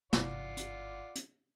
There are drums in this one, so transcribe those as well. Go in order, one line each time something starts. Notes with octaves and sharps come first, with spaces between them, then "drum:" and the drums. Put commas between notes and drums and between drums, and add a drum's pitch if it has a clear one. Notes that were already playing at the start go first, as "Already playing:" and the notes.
G1 G#2 C3 E3 F4 D5 F#5, drum: snare
drum: hi-hat
drum: hi-hat